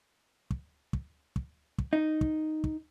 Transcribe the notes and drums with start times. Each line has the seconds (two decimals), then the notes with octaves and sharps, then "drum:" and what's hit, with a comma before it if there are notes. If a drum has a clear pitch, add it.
0.51 drum: kick
0.93 drum: kick
1.36 drum: kick
1.78 drum: kick
1.93 D#4
2.21 drum: kick
2.64 drum: kick